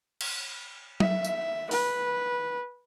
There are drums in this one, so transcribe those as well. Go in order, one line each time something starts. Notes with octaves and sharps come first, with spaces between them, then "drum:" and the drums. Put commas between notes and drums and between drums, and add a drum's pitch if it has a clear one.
drum: cymbal
E5, drum: tom F#3
drum: tambourine
B4, drum: open hi-hat